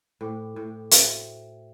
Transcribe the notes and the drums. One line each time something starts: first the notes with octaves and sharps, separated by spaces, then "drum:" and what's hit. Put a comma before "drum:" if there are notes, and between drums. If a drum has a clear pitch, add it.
A2 C5 G5 D6
A2
F#4 C5 E5 G5, drum: hi-hat